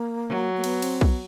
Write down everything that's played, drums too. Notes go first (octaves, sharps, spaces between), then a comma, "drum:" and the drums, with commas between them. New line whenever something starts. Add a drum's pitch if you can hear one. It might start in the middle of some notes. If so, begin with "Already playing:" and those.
Already playing: A#3
F#3
A#3
B3, drum: cymbal
C4, drum: cymbal
B3, drum: kick B1